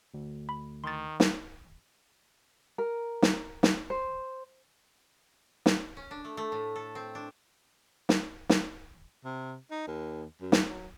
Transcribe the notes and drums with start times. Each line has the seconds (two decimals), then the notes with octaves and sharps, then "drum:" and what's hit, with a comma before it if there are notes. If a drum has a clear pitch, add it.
0.14 D2
0.49 B5
0.84 D#3 C6 A6
1.20 drum: snare
2.78 A#4
3.22 drum: snare
3.63 drum: snare
3.90 C5
5.66 drum: snare
5.97 C#4
6.11 D4
6.25 A3
6.37 A3
6.52 A2
6.76 A4
6.95 C4
7.15 D4
8.09 drum: snare
8.49 drum: snare
9.25 C3
9.71 D#4
9.87 D#2
10.41 F#2
10.52 drum: snare
10.69 F#3